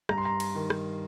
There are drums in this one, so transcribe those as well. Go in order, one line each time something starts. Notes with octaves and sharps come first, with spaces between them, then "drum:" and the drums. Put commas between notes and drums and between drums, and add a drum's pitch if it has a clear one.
G2 A#5, drum: rim click
C6
A#5
drum: cymbal
D#3
drum: rim click